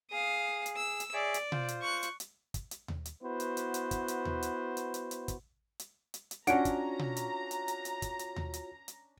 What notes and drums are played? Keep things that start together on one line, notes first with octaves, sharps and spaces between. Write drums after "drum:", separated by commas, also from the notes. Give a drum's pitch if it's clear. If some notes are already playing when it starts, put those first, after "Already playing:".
G#4 F5 D#6
drum: hi-hat
E6
drum: hi-hat
G#4 C#5 D5 E5
drum: hi-hat
F4 C5, drum: tom B2
drum: hi-hat
C#6 F#6
drum: hi-hat
drum: hi-hat
drum: kick, hi-hat
drum: hi-hat
drum: tom D#2
drum: hi-hat
B3 E4 F#4 B4 C5
drum: hi-hat
drum: hi-hat
drum: hi-hat
drum: kick, hi-hat
drum: hi-hat
drum: tom D#2
drum: hi-hat
drum: hi-hat
drum: hi-hat
drum: hi-hat
drum: kick, hi-hat
drum: hi-hat
drum: hi-hat
drum: hi-hat
C#4 D4 F4 F#4 C#5 F#5 A#5 D7, drum: hi-hat
drum: kick, hi-hat
drum: tom B2
drum: hi-hat
drum: hi-hat
drum: hi-hat
drum: hi-hat
drum: kick, hi-hat
drum: hi-hat
drum: tom D#2
drum: hi-hat
drum: hi-hat